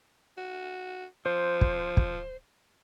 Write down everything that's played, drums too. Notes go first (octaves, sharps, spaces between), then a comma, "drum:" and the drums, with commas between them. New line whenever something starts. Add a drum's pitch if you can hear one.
F#4
F3 C5
drum: kick
drum: kick